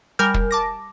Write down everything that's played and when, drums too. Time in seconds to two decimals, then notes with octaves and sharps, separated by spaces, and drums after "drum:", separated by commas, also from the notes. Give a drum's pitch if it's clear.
0.19 G3 A#4 G#5 F6 G6
0.34 drum: kick
0.51 A5 D6 A#6